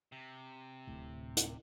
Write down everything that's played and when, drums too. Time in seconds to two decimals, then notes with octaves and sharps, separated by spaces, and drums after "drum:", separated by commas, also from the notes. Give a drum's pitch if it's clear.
0.12 C3
0.88 D1 A2
1.37 drum: hi-hat